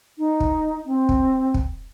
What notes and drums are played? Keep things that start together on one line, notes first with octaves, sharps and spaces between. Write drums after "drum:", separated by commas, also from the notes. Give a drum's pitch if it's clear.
D#4
drum: kick
C4
drum: kick
drum: kick